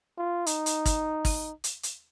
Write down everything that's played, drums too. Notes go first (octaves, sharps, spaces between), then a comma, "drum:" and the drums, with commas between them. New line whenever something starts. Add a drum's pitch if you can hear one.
F4
D#4, drum: hi-hat
drum: hi-hat
drum: kick, hi-hat
drum: kick, open hi-hat
drum: hi-hat
drum: hi-hat